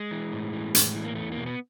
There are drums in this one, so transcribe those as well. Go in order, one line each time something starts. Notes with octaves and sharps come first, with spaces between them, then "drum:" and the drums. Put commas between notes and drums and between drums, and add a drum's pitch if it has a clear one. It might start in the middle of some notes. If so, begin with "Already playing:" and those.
Already playing: G#3
E3
A2
E3
A2, drum: hi-hat
E3
A#3
E2 A3
A#3
B2
B3